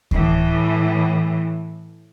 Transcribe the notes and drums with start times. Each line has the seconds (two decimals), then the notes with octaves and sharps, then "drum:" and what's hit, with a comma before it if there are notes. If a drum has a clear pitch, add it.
0.11 A2 E3, drum: kick D2